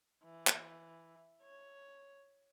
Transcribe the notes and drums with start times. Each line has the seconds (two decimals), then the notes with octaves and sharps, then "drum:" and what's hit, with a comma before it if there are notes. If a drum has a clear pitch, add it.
0.24 E3
0.47 drum: clap
1.42 C#5